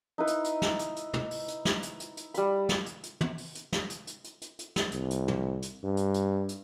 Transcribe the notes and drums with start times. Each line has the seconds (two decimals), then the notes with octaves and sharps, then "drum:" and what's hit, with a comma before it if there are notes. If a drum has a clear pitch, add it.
0.18 D#4 E4 B4
0.27 drum: hi-hat
0.44 drum: hi-hat
0.62 drum: snare
0.79 drum: hi-hat
0.96 drum: hi-hat
1.14 drum: tom
1.31 drum: open hi-hat
1.48 drum: hi-hat
1.65 drum: snare
1.83 drum: hi-hat
2.00 drum: hi-hat
2.17 drum: hi-hat
2.34 G3 B5, drum: hi-hat
2.69 drum: snare
2.86 drum: hi-hat
3.03 drum: hi-hat
3.21 drum: tom
3.38 drum: open hi-hat
3.55 drum: hi-hat
3.72 drum: snare
3.90 drum: hi-hat
4.07 drum: hi-hat
4.24 drum: hi-hat
4.42 drum: hi-hat
4.59 drum: hi-hat
4.76 drum: snare
4.92 C2, drum: hi-hat
5.11 drum: hi-hat
5.28 drum: tom
5.62 drum: hi-hat
5.83 G2
5.97 drum: hi-hat
6.14 drum: hi-hat
6.49 drum: hi-hat